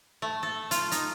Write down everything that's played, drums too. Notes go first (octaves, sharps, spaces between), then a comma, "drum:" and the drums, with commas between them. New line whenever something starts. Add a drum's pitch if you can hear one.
A3
A4
F4, drum: hi-hat
D#4, drum: hi-hat